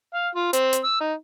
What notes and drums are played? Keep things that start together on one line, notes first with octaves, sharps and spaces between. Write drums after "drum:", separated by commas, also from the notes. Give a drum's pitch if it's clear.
F5
F4
C4, drum: hi-hat
drum: hi-hat
E6
D#4